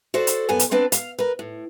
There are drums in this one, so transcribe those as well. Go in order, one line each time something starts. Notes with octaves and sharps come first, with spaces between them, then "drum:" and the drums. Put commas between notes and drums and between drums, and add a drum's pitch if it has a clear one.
F#4 A4 C5 D5
drum: hi-hat
F#2 B3 A4 G#5
drum: hi-hat
B3 C4 D4 B4
F5, drum: hi-hat
A#4 B4
A2